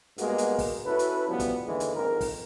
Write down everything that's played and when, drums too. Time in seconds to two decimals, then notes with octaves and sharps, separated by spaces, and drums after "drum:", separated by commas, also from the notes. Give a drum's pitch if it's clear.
0.18 G2 G#3 A#3 B3 F#4 A#4, drum: hi-hat
0.38 drum: hi-hat
0.59 drum: kick, open hi-hat
0.86 C#4 E4 F#4 A4 B4
0.99 drum: hi-hat
1.28 D2 B2 E3 F3 G3 B3
1.40 drum: kick, hi-hat
1.65 D#2 D3 E3 G#3
1.80 drum: hi-hat
1.96 G#1 F2 G#2 A#4
2.21 drum: kick, open hi-hat